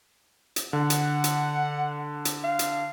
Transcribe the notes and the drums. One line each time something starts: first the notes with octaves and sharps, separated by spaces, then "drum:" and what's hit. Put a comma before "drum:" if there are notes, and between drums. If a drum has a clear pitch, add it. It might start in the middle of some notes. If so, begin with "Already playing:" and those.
drum: hi-hat
D3 F#5
drum: hi-hat
drum: hi-hat
drum: hi-hat
F5
drum: hi-hat